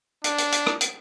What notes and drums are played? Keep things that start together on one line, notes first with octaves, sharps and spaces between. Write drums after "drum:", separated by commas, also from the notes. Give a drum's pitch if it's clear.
D4, drum: hi-hat
drum: hi-hat
drum: hi-hat
drum: rim click
drum: hi-hat